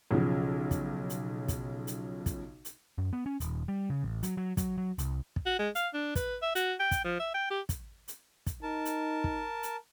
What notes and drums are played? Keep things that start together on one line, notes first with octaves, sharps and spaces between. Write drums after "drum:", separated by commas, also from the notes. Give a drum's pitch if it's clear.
B1 C#3 F3
drum: kick, hi-hat
drum: hi-hat
drum: kick, hi-hat
drum: hi-hat
drum: kick, hi-hat
drum: hi-hat
F#2
B3
C#4
D#1, drum: hi-hat
G3
C#3
A1
F#3, drum: hi-hat
F#3
F#3, drum: kick, hi-hat
F#3
C2, drum: hi-hat
drum: kick
F#4
G#3
F5, drum: hi-hat
D4
B4, drum: kick, hi-hat
E5
F#4, drum: hi-hat
G5
drum: kick, hi-hat
F3
E5
G5
G4
drum: kick, hi-hat
drum: hi-hat
drum: kick, hi-hat
D#4 A#4 A5
drum: hi-hat
drum: kick
drum: hi-hat